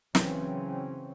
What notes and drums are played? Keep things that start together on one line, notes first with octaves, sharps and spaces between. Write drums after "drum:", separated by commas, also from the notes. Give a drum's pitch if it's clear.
C#3 E3 F#3 C4 C#4, drum: snare